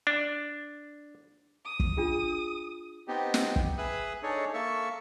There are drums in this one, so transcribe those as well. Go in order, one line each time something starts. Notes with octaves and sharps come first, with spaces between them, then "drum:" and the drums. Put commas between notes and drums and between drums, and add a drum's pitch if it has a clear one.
D4
D#6
drum: kick
D4 F4 G#4
B3 C4 D#4 G4
drum: snare
drum: kick
G#4 B4 E5 B5 D#6
D4 D#4 G#4 A4 C#5
A#3 A4 E5 C#6